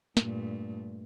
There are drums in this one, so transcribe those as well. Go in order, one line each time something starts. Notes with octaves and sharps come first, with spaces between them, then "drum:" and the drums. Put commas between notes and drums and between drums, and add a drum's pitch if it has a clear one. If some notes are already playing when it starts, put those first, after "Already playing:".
G2 A#2 A3, drum: snare